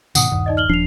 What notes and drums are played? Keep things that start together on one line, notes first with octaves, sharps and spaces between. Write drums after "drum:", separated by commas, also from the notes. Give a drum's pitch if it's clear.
G#2 B2 D#3 F#5 D#6, drum: tambourine
D#1 G2 D#3
D#4 D5 D#5
F6 F#7 G7
D#1 F3 D4 C7 F7